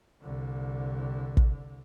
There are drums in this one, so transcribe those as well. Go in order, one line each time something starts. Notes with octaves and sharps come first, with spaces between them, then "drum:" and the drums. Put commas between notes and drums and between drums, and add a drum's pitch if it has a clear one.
C2 D3
drum: kick